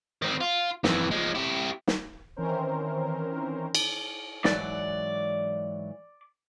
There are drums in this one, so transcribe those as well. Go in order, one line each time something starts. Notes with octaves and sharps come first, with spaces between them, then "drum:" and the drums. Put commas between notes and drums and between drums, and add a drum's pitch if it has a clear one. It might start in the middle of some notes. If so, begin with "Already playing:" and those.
D#3 C4
F4
F2 E3, drum: snare
F3 G#3
E4 G4
drum: snare
D#3 E3 C4 C#4 A#4 C5
drum: cymbal
G#2 E3 F#3 D5, drum: snare